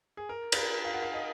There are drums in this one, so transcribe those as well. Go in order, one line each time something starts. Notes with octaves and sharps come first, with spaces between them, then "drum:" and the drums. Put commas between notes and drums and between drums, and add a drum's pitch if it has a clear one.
G#4
A#4
B4, drum: cymbal
A#4
F5
F#5
F5
D#5